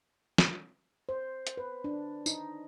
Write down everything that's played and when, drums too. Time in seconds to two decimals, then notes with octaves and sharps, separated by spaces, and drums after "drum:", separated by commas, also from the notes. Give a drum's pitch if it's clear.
0.38 drum: snare
1.09 C5
1.47 drum: hi-hat
1.57 B4
1.84 D4
2.26 D#4, drum: tambourine